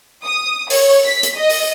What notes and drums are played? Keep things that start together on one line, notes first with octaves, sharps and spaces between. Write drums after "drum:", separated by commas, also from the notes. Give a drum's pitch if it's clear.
D#6
C#5, drum: open hi-hat
B6
drum: hi-hat
D#5
drum: open hi-hat